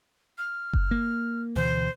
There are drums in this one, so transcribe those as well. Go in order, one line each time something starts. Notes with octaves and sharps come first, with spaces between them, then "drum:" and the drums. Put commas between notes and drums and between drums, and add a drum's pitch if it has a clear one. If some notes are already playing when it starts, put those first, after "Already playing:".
F6
drum: kick F#1
A#3
D2 B2 E3 C5